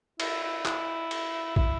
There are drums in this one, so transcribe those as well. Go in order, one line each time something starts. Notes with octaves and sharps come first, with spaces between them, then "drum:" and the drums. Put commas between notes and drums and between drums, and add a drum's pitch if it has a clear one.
E4, drum: cymbal
E4
E4, drum: clap
drum: cymbal
E4, drum: kick